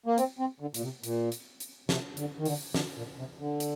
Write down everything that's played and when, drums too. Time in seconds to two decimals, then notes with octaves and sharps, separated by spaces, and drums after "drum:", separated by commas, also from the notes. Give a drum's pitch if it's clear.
0.06 A#3
0.18 C4, drum: hi-hat
0.39 C4
0.60 D3
0.74 A#2, drum: hi-hat
0.82 C3
1.04 A#2, drum: hi-hat
1.32 drum: hi-hat
1.60 drum: hi-hat
1.89 C3, drum: snare
2.17 D3, drum: hi-hat
2.38 D#3
2.45 D3, drum: open hi-hat
2.74 D3, drum: snare
2.96 A#2
3.17 C3
3.39 D3
3.60 drum: hi-hat